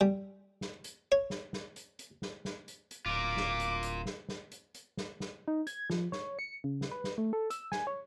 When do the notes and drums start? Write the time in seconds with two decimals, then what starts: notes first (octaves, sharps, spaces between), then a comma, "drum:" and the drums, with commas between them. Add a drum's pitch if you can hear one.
0.01 G3
0.61 drum: snare
0.84 drum: hi-hat
1.12 C#5
1.30 drum: snare
1.53 drum: snare
1.76 drum: hi-hat
1.99 drum: hi-hat
2.22 drum: snare
2.45 drum: snare
2.68 drum: hi-hat
2.91 drum: hi-hat
3.06 D1 F4 A#4 D6
3.37 drum: snare
3.60 drum: hi-hat
3.83 drum: hi-hat
4.06 drum: snare
4.29 drum: snare
4.51 drum: hi-hat
4.74 drum: hi-hat
4.97 drum: snare
5.20 drum: snare
5.48 D#4
5.67 G#6, drum: hi-hat
5.90 F3, drum: snare
6.12 C#5, drum: snare
6.39 C#7
6.64 C#3
6.81 drum: snare
6.91 B4
7.04 drum: snare
7.18 A3
7.33 A4
7.50 E6, drum: hi-hat
7.72 G#5, drum: snare
7.87 C#5